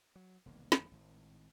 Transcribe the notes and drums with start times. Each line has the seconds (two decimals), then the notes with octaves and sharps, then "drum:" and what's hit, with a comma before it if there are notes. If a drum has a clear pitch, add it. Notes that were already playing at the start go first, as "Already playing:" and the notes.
0.15 F#3
0.46 E1 C2 D#3 A#3
0.72 G1 F2 D#3 A#3, drum: snare
0.91 G#1 A2